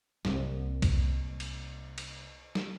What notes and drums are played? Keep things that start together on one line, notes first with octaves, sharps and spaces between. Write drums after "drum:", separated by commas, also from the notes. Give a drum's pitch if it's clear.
C2 A#3, drum: snare
drum: kick B1, cymbal
drum: cymbal
drum: cymbal
drum: snare